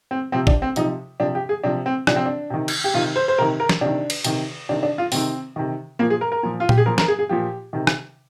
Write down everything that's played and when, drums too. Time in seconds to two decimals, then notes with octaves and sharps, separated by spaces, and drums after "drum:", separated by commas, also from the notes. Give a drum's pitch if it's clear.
0.11 C4
0.32 C3 F3 C4
0.47 D4, drum: kick
0.62 C4
0.76 C3 F3 D#4, drum: hi-hat
1.20 C3 F3 D4
1.35 G4
1.49 G#4
1.63 C3 F3 D4
1.86 C4
2.07 C3 F3 D4, drum: rim click
2.16 C4
2.26 D4
2.50 C3 D#3
2.68 drum: cymbal
2.84 G4
2.94 C3 D#3 F4
3.16 C5
3.28 C5
3.38 C3 D#3 A#4
3.60 A#4
3.69 drum: snare
3.81 C3 D#3 D4
4.10 drum: cymbal
4.24 C3 D#3, drum: hi-hat
4.69 C3 D#3 D4
4.83 D4
4.98 F4
5.12 C3 D#3 C4, drum: open hi-hat
5.56 C3 D#3
5.99 A#2 F3 A#3
6.10 G#4
6.21 A#4
6.32 A#4
6.43 A#2 F3
6.60 F4
6.69 G4, drum: tom A#2
6.78 G#4
6.86 A#2 F3 A#4
6.98 A#4, drum: snare
7.08 G#4
7.19 G#4
7.29 A#2 F3 G4
7.73 C3 D#3
7.87 drum: rim click